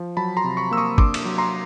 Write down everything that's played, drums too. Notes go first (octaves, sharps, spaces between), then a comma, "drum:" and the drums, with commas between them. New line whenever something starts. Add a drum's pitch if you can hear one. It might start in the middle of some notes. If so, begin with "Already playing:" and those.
Already playing: F3
F#3 A5 B5
A#5 C6
C3
B5 C#6
A#3 E6
C#6 D#6
D4 C6 D6, drum: kick G1
drum: cymbal
F#3
A#5 C6